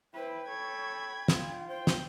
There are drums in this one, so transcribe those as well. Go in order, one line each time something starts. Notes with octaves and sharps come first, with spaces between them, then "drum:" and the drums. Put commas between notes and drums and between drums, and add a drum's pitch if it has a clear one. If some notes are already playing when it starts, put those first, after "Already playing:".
E4 B4 C5 G5
A4 C#5 B5 G#6
D4 F4, drum: snare
C5 G5
drum: snare